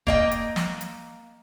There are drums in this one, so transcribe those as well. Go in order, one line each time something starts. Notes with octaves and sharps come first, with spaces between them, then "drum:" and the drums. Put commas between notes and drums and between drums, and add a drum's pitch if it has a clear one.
A#3 D#5 G5, drum: kick
drum: hi-hat
drum: snare
drum: hi-hat